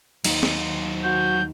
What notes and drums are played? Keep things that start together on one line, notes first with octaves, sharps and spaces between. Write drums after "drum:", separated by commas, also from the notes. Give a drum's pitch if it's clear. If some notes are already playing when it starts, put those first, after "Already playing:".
D#2 F#3 D#4 C5, drum: cymbal
drum: snare
F#4 G6